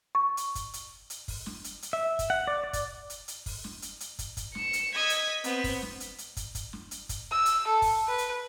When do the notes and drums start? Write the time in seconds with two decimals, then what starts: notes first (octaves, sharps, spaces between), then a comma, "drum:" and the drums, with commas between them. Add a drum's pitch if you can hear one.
0.15 C#6
0.37 drum: hi-hat
0.55 drum: kick, hi-hat
0.73 drum: hi-hat
1.10 drum: hi-hat
1.28 drum: kick, open hi-hat
1.46 drum: snare
1.64 drum: hi-hat
1.82 drum: hi-hat
1.93 E5
2.19 drum: kick, hi-hat
2.30 F#5
2.47 D5
2.64 D5
2.73 drum: kick, hi-hat
3.10 drum: hi-hat
3.28 drum: hi-hat
3.46 drum: kick, open hi-hat
3.64 drum: snare
3.82 drum: hi-hat
4.00 drum: hi-hat
4.19 drum: kick, hi-hat
4.37 drum: kick, hi-hat
4.55 C#7 E7, drum: snare
4.73 drum: hi-hat
4.95 D#5 E6 G#6 B6
5.09 drum: hi-hat
5.44 B3 C4, drum: hi-hat
5.64 drum: kick, open hi-hat
5.82 drum: snare
6.00 drum: hi-hat
6.18 drum: hi-hat
6.37 drum: kick, hi-hat
6.55 drum: kick, hi-hat
6.73 drum: snare
6.91 drum: hi-hat
7.09 drum: kick, hi-hat
7.32 E6
7.46 drum: hi-hat
7.67 A4
7.82 drum: kick, open hi-hat
8.08 B4
8.18 drum: hi-hat